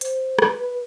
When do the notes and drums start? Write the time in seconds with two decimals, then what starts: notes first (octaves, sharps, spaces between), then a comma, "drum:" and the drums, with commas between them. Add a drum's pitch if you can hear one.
0.01 C5, drum: hi-hat
0.39 B4, drum: rim click